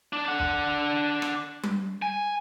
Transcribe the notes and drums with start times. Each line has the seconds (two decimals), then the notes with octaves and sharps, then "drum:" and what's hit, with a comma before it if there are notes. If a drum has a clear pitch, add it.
0.13 D4 D5
0.25 D4 F#5
0.39 drum: kick
1.22 drum: rim click
1.63 drum: tom G3
2.02 G#5